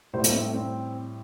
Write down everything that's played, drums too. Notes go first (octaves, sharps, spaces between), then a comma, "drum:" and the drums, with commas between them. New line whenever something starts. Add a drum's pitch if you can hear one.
A2 G3 C5
A4, drum: hi-hat
C4
A3
C4